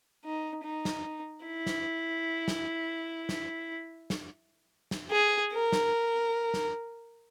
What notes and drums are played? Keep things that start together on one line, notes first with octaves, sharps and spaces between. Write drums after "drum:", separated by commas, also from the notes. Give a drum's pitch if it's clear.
D#4
D#4
drum: snare
E4
drum: snare
drum: snare
drum: snare
drum: snare
drum: snare
G#4
A#4
drum: snare
drum: snare